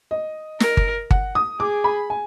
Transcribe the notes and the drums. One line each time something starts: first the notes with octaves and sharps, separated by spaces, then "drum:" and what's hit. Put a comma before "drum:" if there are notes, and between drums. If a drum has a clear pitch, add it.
D#5
A#4, drum: snare
drum: kick G1
F#5, drum: kick G1
D#6
G#4 D6
B5
G#5